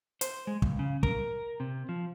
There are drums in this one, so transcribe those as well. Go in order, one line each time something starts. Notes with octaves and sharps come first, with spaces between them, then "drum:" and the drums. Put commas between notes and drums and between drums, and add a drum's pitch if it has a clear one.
C5, drum: hi-hat
G#3
C#2, drum: kick
C#3
A#4, drum: kick
C3
F3